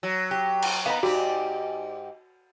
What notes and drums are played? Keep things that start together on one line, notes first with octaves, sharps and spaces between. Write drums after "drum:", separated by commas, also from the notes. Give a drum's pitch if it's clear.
F#3
G4
drum: cymbal
B3 D#4 F5 A#5
G#2 F#4 G4 D5